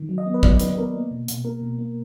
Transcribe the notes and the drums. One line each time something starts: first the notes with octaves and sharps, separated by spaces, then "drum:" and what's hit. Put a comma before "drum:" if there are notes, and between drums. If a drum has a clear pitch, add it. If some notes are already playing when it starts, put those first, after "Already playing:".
Already playing: D#3
F#3
D#5
B3
B4
F#3 D5, drum: kick
D5
D#3 B4, drum: hi-hat
B3 A#4
A#3
B2
B2, drum: hi-hat
A#3 A#4
B2
A#3